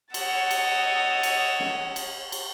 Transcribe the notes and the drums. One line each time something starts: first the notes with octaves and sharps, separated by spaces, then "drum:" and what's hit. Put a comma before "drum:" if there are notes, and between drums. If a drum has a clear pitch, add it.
C#5 D#5 F#5 E6 A6, drum: cymbal
drum: cymbal
drum: cymbal
drum: snare
drum: cymbal
drum: cymbal